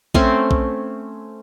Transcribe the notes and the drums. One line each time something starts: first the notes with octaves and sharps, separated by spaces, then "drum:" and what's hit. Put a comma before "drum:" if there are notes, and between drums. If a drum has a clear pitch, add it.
A3 C4 C#4, drum: kick A#1
drum: kick A#1